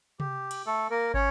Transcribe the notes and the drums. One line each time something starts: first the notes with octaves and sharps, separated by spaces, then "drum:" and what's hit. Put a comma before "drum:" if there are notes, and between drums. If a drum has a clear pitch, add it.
G4, drum: tom C3
drum: cymbal
A3 A4
A#3 A#4
C#4 C#5, drum: kick